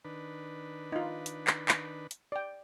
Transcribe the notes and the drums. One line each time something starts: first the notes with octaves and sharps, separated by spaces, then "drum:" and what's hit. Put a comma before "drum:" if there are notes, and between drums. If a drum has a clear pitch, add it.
D#3 D4 B4
D#4 F4
drum: hi-hat
drum: clap
drum: clap
drum: hi-hat
D5 G5